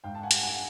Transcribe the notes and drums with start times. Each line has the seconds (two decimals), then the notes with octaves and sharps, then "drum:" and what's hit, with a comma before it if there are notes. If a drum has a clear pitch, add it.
0.04 G#2 F5 G5
0.15 A5
0.23 F#5 G#5
0.31 G3, drum: hi-hat
0.43 F#5 G#5